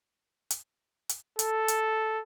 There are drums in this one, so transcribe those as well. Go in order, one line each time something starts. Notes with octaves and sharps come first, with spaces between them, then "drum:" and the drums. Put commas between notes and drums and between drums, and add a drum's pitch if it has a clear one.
drum: hi-hat
drum: hi-hat
A4, drum: hi-hat
drum: hi-hat